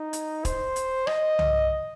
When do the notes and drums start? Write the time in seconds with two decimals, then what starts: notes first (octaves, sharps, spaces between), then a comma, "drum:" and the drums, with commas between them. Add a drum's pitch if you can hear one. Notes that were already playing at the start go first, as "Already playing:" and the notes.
Already playing: D#4
0.13 drum: hi-hat
0.45 C5, drum: kick, hi-hat
0.76 drum: hi-hat
1.07 D#5, drum: rim click
1.39 drum: tom C2